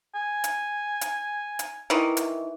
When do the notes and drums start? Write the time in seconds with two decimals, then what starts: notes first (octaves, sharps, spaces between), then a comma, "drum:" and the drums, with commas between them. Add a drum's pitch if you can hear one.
0.15 G#5
0.44 drum: hi-hat
1.01 drum: hi-hat
1.59 drum: hi-hat
1.90 D#3 E3
2.17 drum: hi-hat